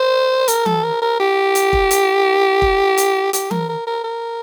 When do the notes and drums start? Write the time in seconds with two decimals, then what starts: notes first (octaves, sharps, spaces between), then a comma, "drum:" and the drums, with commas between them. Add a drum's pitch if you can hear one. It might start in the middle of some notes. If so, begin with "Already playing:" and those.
Already playing: C5
0.48 A#4, drum: hi-hat
0.66 A4, drum: tom E3
0.84 A#4
1.02 A#4
1.20 G4
1.55 drum: hi-hat
1.73 drum: kick
1.91 drum: hi-hat
2.62 drum: kick
2.98 drum: hi-hat
3.33 G4, drum: hi-hat
3.51 A#4, drum: tom E3
3.69 A#4
3.87 A#4
4.04 A#4